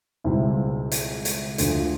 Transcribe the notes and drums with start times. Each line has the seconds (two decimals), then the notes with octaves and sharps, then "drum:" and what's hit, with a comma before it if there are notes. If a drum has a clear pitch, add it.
0.24 C#2 B2 G3 C4 E4
0.92 drum: hi-hat
1.25 drum: hi-hat
1.58 D2 D3 F3, drum: hi-hat